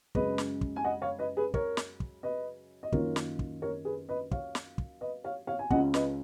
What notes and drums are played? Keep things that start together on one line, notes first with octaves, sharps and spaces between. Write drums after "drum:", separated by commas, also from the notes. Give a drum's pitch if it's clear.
F#2 C#3 G#3 B4 D#5, drum: kick
drum: snare
drum: kick
G#5
D#5 F#5
C#5 F5
B4 D#5
G#4 B4
A#4 C#5, drum: kick
drum: snare
drum: kick
B4 D#5
D#5
F#2 D#3 A#3 F4 A#4 C#5, drum: kick
drum: snare
drum: kick
A#4 C#5
G#4 B4
B4 D#5
C#5 F5, drum: kick
drum: snare
drum: kick
B4 D#5
C#5 F5
C#5 F5
G#5
C#2 C#3 G#3 C#4 F4 D#5 F#5, drum: kick
B4 D#5, drum: snare